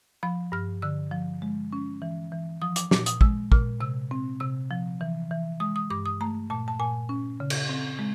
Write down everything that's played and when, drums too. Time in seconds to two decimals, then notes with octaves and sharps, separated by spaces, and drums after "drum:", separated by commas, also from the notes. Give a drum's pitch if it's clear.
0.23 F3 B5
0.52 G2 F6
0.82 D3 E6
1.12 F3
1.42 G#3
1.73 C#4
2.02 E3
2.32 E3
2.62 F3 D#6
2.76 D6, drum: hi-hat
2.91 A#2 D6, drum: snare
3.06 D#6, drum: hi-hat
3.21 G#3 E6, drum: kick
3.52 A#2 F6, drum: kick
3.80 C3 E6
4.11 C4
4.40 C3 E6
4.71 F3
5.01 E3
5.31 E3
5.60 G#3 D#6
5.76 D#6
5.90 G2 D6
6.06 D#6
6.21 A3 A#5
6.50 A#2 A5
6.68 A5
6.80 A#2 G#5
7.09 C#4
7.40 C#3
7.50 drum: cymbal
7.69 C4
7.99 G#3